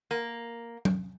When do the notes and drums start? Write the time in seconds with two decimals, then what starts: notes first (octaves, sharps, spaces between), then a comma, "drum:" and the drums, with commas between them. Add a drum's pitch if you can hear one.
0.11 A#3
0.85 drum: tom F#3